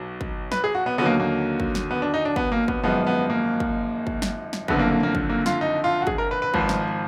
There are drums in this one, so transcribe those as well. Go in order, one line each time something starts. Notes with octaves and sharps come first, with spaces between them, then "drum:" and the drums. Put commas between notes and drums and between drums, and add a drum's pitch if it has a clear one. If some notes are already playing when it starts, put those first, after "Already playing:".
Already playing: B1 F#3
drum: kick
B4, drum: snare
G#4
F#4
B3
D#2 D3 F#3 B3
A#3
A#3
drum: kick
drum: snare
B3
D4
D#4
D4
B3, drum: kick
A#3
B3, drum: kick
G#1 F#2 F3 G#3 B3
B3
A#3
drum: kick
drum: kick
drum: snare
drum: snare
F#1 F2 D3 B3, drum: kick
A#3
A#3
A#3
drum: kick
A#3
F4, drum: snare
D#4
F4
F#4
G#4, drum: kick
A#4
B4
B4
G#1 G#2 F3, drum: kick
drum: snare